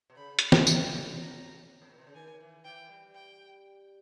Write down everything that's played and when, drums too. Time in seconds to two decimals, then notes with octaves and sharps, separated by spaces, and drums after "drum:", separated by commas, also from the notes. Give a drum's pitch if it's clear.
0.10 B2
0.16 C#3 B5
0.39 drum: hi-hat
0.52 drum: snare
0.67 B2, drum: tambourine
0.85 B2
0.91 C#3
1.16 A#5
1.82 G#2
1.90 A#2
1.98 B2
2.07 C#3
2.15 D#3 G#5
2.40 E3
2.64 E3 G5
2.89 G3
3.15 G5